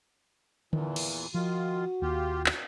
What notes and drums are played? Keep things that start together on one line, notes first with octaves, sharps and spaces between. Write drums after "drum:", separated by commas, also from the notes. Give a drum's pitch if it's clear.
E2 A#2 E3, drum: tom D3
drum: cymbal
D#3 F3 F4 F#4
D#2 F4 G4
drum: clap